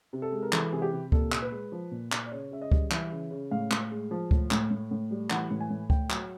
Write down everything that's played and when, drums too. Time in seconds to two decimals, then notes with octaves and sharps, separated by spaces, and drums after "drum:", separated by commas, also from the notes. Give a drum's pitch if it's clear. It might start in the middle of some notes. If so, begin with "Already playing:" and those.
0.13 C3
0.22 A4
0.32 G#3
0.43 A#4
0.53 E3 A4, drum: clap
0.72 C3 G#4
0.82 G4
0.93 C3
1.12 A#2 A4, drum: kick C#2
1.32 A#2, drum: clap
1.42 B4
1.52 G#3
1.72 F3
1.91 A#2
2.12 A#2, drum: clap
2.26 D5
2.32 C#3 C#5
2.52 C#3 E5
2.62 D#5
2.72 G3, drum: kick C#2
2.91 E3 E5, drum: clap
3.11 C#3
3.31 C#3
3.51 A2 F5
3.71 A2, drum: clap
3.91 G#3
4.11 F3
4.31 A2, drum: kick C#2
4.51 A2, drum: clap
4.71 A2
4.91 A2
5.11 G3
5.30 E3 F#5, drum: clap
5.50 A2
5.60 G#5
5.70 A2
5.90 A2 G5, drum: kick C#2
6.10 F#3, drum: clap